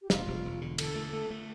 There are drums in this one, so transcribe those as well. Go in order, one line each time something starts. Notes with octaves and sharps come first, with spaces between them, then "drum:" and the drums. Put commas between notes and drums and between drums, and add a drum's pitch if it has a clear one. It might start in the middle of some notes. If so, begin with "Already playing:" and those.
G4
E1 F4, drum: snare
E1
E1
D3
D3 A4, drum: cymbal
A3
A3
A3